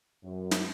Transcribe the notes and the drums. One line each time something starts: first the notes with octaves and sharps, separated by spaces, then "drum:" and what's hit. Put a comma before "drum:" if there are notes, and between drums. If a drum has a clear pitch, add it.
F#2
drum: snare